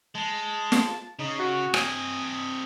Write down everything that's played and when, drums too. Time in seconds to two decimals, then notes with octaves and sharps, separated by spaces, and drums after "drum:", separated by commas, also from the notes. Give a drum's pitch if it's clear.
0.15 G#3 A5
0.72 drum: snare
1.19 C#3 D#4
1.39 F#4
1.74 C4 D#5 G#5, drum: rim click